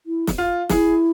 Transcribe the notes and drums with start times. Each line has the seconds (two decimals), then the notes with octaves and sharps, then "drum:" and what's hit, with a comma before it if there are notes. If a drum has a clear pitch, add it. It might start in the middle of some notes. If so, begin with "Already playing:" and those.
0.06 E4
0.27 drum: snare
0.38 F4
0.69 E4 G#4, drum: snare